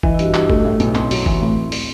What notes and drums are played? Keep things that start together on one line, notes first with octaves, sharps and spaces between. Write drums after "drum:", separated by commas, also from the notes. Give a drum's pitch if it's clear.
E3 D#5, drum: kick G1
E4
G2 F#4, drum: hi-hat
G2 E4, drum: clap
A3, drum: kick G1
A2
B1, drum: hi-hat
B1 C4, drum: clap
F#3, drum: open hi-hat
E3, drum: kick G1
A2
drum: open hi-hat